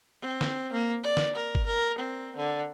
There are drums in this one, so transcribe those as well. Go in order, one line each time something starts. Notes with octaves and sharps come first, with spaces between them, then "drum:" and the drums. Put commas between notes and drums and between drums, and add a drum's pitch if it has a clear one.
C4
drum: snare
A#3
D5
drum: snare
A#4
drum: kick
A#4
C4
D3